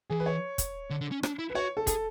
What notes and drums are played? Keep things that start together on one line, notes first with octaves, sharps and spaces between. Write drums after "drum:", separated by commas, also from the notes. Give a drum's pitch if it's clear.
E3 G#4
B4
C#5
drum: kick, hi-hat
D3
D3
C#4
D4, drum: rim click
E4
B4
F#4 C#5
A4
G#4 A4, drum: kick, hi-hat